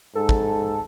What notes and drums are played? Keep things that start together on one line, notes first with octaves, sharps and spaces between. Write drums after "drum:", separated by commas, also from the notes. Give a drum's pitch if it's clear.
G#2 A4
drum: kick